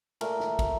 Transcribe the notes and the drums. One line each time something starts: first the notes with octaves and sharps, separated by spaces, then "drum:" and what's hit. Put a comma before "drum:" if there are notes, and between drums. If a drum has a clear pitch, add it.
A#2 A3 A#4, drum: cymbal
drum: snare
drum: kick, cymbal